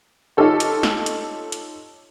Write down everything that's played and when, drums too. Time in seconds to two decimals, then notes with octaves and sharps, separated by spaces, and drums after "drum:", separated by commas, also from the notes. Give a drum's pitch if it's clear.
0.37 D#4 F4 G4 A4 C#5
0.60 drum: hi-hat
0.83 drum: snare
1.06 drum: hi-hat
1.52 drum: hi-hat